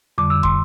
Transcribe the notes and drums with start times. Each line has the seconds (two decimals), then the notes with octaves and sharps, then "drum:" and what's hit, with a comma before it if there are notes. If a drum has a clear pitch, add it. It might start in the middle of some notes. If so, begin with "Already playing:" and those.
0.18 F2 D3 G3 D6
0.30 E6
0.43 C6, drum: kick